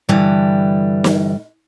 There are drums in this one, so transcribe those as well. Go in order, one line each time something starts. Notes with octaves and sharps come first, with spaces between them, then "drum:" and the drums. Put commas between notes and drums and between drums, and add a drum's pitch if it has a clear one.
G2 D3 E3 G3
drum: snare